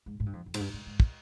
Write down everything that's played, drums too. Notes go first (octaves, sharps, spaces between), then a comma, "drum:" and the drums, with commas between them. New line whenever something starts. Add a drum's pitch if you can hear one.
G#2
G#2
G2
F2
F2
G#2, drum: cymbal
G2
G#2
G#2
drum: kick